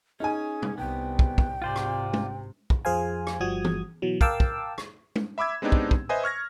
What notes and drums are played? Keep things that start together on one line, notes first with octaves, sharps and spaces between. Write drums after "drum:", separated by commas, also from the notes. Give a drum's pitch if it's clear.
C#4 D#4 G#4 G#5
drum: tom
C2 B3 G5
drum: kick
drum: kick
G#1 C3 F4 C5 D5
drum: rim click
drum: tom G#3
drum: kick
F2 F3 G#4 C5 F5 G#5
drum: rim click
G1 F3 G3 F#4 D#6 G#6
drum: tom
B2 E3 F#3
A#4 F5 G5 A5 D6 E6, drum: kick
drum: kick
drum: rim click
drum: tom G#3
E5 B5 D6 E6 G#6
G#3 B3 C4 D4 D#4 G4
drum: kick
drum: kick
B4 C5 D#5 E5 G#5 D#6
C#6 F6 G#6 A#6